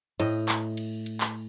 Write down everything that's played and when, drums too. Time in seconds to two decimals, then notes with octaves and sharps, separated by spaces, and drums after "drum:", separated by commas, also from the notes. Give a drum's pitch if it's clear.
0.20 A2 D#5, drum: cymbal
0.48 drum: clap
0.77 drum: cymbal
1.06 drum: cymbal
1.21 drum: clap